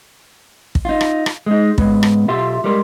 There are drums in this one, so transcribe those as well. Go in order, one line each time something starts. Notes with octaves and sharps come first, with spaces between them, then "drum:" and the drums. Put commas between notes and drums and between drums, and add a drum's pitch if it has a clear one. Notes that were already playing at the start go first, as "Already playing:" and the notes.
drum: kick
D#4 F4
drum: rim click
drum: rim click
G#3 D#4
G#2 G#3 B3, drum: kick
drum: rim click
B1 F4 G4 E5 C6
G3 G#3 A#4 C6